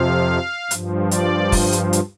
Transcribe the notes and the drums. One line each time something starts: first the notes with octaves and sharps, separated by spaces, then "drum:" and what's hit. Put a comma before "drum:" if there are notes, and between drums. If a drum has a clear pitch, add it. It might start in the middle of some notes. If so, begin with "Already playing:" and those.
Already playing: F2 C3 F3 F5
G2 F3, drum: hi-hat
D5, drum: hi-hat
drum: kick, open hi-hat
drum: hi-hat
drum: hi-hat